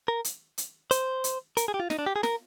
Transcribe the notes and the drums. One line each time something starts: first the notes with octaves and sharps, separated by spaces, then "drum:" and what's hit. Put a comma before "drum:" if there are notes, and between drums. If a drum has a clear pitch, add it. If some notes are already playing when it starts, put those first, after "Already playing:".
A#4
drum: hi-hat
drum: hi-hat
C5, drum: hi-hat
drum: hi-hat
A#4, drum: hi-hat
G#4
G4
F4
D#4, drum: snare
D4
G4
G#4
A#4, drum: snare